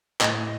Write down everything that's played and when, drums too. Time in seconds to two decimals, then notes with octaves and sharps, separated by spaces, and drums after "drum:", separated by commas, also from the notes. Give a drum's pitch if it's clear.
0.21 A2 D#5, drum: clap